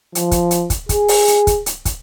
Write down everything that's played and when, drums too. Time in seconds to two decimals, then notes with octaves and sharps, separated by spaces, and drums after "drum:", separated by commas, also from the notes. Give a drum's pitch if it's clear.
0.15 F3, drum: hi-hat
0.31 drum: kick, hi-hat
0.51 drum: hi-hat
0.70 drum: kick, hi-hat
0.89 G#4, drum: kick, hi-hat
1.08 drum: open hi-hat
1.28 drum: hi-hat
1.47 drum: kick, hi-hat
1.66 drum: hi-hat
1.85 drum: kick, hi-hat